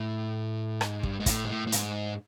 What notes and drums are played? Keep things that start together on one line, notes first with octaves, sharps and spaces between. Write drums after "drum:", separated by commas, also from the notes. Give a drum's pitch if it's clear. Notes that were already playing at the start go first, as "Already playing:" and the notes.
Already playing: A2
G#2, drum: rim click
G2, drum: kick
G#2
A2, drum: kick, hi-hat
G#2
A2
A2
G#2, drum: hi-hat